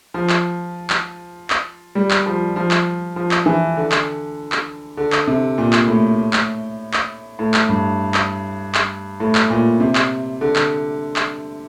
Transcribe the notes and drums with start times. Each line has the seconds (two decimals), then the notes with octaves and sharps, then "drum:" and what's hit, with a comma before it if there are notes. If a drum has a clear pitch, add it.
0.14 F3
0.29 drum: clap
0.90 drum: clap
1.50 drum: clap
1.95 G3
2.11 drum: clap
2.26 F3
2.56 F3
2.71 drum: clap
3.16 F3
3.31 drum: clap
3.46 E3
3.76 D3
3.92 drum: clap
4.52 drum: clap
4.97 D3
5.12 drum: clap
5.27 C3
5.58 A#2
5.73 drum: clap
5.88 A2
6.33 drum: clap
6.93 drum: clap
7.39 A2
7.54 drum: clap
7.69 G2
8.14 drum: clap
8.75 drum: clap
9.20 A2
9.35 drum: clap
9.50 A#2
9.80 C3
9.95 drum: clap
10.41 D3
10.56 drum: clap
11.16 drum: clap